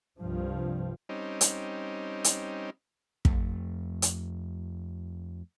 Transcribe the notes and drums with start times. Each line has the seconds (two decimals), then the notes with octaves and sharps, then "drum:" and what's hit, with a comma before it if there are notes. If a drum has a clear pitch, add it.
0.19 C2 G2 F3
1.09 G3 C4 C#4 D#4
1.41 drum: hi-hat
2.24 drum: hi-hat
3.25 F2 A3, drum: kick
4.02 drum: hi-hat